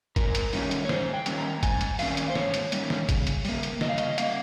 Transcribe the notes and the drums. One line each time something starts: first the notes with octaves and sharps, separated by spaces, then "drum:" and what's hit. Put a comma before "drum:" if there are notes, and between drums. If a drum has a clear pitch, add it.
G#2 A#4, drum: kick, hi-hat
drum: hi-hat
D#3 G3 A#3 C#4, drum: open hi-hat
drum: hi-hat
C#5
G#2 C5, drum: snare
G5
D#3 G3 A#3 C#4, drum: hi-hat
A#5
G#2 G#5, drum: kick, hi-hat
drum: hi-hat
D#3 G3 A#3 C#4 F5, drum: open hi-hat
drum: hi-hat
C5
G#2 C#5, drum: snare
drum: hi-hat
D#3 G3 A#3 C#4, drum: hi-hat
drum: snare
C#3, drum: kick, hi-hat
drum: hi-hat
G3 A#3, drum: open hi-hat
drum: hi-hat
C#3 D#5, drum: snare
F5
D#5, drum: hi-hat
G3 A#3 F5, drum: hi-hat